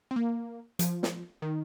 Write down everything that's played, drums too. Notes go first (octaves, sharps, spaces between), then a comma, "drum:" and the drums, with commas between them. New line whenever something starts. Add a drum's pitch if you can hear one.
C4
A#3
F3, drum: hi-hat
drum: snare
D#3